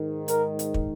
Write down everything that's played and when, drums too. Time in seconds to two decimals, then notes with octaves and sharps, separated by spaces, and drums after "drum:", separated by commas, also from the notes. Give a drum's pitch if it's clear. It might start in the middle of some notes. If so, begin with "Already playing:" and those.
Already playing: G#2 D#3
0.28 A#4, drum: hi-hat
0.59 drum: hi-hat
0.74 drum: kick